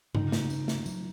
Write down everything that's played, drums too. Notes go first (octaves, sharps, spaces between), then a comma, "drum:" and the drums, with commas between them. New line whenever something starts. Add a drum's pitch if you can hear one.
C#3 D#4, drum: tom G2
drum: snare
C#4, drum: tambourine
drum: snare
F#3, drum: tambourine